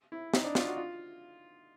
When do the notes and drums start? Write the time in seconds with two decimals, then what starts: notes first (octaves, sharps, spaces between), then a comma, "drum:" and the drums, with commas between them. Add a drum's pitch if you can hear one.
0.12 E4
0.34 D#4, drum: snare
0.44 D4
0.55 F4, drum: snare
0.67 F#4
0.77 F4